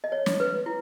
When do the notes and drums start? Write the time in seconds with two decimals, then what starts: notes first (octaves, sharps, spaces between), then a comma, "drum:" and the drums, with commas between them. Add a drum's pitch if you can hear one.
0.04 D#5
0.12 C#5
0.26 drum: snare
0.40 B4
0.66 E4